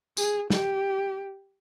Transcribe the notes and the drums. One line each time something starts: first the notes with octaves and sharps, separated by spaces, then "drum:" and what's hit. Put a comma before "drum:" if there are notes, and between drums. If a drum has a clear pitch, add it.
G#4, drum: tambourine
G4, drum: snare